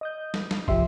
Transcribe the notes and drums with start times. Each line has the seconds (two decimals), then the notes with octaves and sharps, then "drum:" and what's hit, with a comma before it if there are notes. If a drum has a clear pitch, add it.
0.01 D#5 D#6 G6
0.34 drum: snare
0.51 drum: snare
0.68 G1 C2 F3 G4 E5 C6, drum: kick